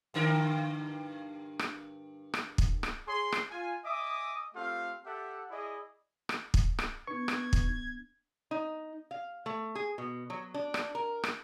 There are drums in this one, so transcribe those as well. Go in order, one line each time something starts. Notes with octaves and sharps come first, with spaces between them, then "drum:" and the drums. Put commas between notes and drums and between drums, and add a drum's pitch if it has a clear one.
G2 D3 A#4
drum: rim click
drum: rim click
drum: kick
drum: rim click
G#4 C#5 C6
drum: rim click
F4 G#5
D#5 E5 G#5 D6 D#6
A3 C4 F4 G4 A4 F5
G4 A4 E5 F#5
E4 G#4 D5 D#5
drum: rim click
drum: kick
drum: rim click
B3 D4 D#4 B4 C#6 G#6
drum: rim click
drum: kick
D#4
F5
A3
G#4
B2
F#3
D4
drum: rim click
A#4
drum: rim click